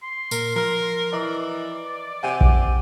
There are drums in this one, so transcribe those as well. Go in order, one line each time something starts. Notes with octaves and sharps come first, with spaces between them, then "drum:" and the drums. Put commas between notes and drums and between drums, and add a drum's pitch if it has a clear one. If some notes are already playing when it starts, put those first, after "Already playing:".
C6
A#2 A#4, drum: tambourine
F3 A#4 F6
E3 D5 D#5 A#5
C3 F#5 G#5 D6
drum: kick A#1